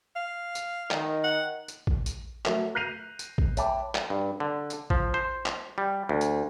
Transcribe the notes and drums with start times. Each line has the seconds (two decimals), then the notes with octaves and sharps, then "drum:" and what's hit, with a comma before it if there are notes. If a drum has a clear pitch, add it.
0.16 F5
0.55 drum: tambourine
0.91 D#3, drum: clap
1.24 F#5
1.68 drum: tambourine
1.87 drum: kick A1
2.06 drum: tambourine
2.45 F#3 A3 A#4 E5, drum: clap
2.75 F#6 G6 A#6 C7 D#7 F7
3.19 drum: tambourine
3.38 drum: kick A1
3.57 C#5 E5 G5 A5 B5 D6, drum: tambourine
3.95 drum: clap
4.10 G2
4.40 D3
4.70 drum: tambourine
4.90 F3, drum: kick A1
5.14 C5
5.46 drum: clap
5.78 G3
6.09 D2
6.21 drum: tambourine